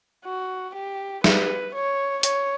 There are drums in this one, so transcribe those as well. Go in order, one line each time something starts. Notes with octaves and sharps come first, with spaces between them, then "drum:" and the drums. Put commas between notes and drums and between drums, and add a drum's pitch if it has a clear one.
F#4
G4
B4, drum: snare
C#5
C#5, drum: hi-hat